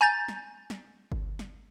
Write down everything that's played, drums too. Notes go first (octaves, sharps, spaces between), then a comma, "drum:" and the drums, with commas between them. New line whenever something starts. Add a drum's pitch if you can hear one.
G#5 A#5 G6 A6
drum: snare
drum: snare
drum: kick G1
drum: snare